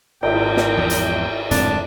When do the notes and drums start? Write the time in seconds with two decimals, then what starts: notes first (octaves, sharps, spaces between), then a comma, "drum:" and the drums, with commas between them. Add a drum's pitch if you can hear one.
0.23 G#1 A#2 G5, drum: cymbal
0.57 drum: snare
0.77 E2 G#2 F3
0.90 drum: hi-hat
1.51 D1 F2 G#2 C4 D4 A5, drum: hi-hat